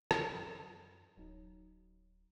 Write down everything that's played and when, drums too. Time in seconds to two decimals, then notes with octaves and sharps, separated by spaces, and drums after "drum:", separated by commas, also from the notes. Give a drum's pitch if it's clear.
0.11 F#3, drum: rim click
0.37 F#2
1.17 D1 F#3 D#4